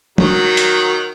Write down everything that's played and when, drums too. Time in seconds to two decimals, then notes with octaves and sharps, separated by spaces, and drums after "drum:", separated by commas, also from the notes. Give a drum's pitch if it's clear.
0.18 D#3 F#3, drum: tom
0.57 drum: hi-hat